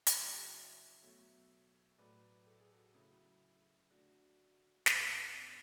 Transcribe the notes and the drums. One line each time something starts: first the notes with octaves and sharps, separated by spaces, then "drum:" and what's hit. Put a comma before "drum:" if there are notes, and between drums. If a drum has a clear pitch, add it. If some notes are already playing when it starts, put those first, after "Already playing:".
C#3 F#3 A3 D4 F#4, drum: hi-hat
E4 G#4
C#5 E5
B2 F#3 A3 C#5 E5
A2 F#3 A3 B4 D5
A4
G#4
F#4 A4
C#3 F#3 A3 E4 G#4
D3 A3 D4 F#4
A2 G#3 C#4 E4, drum: snare
B3 D4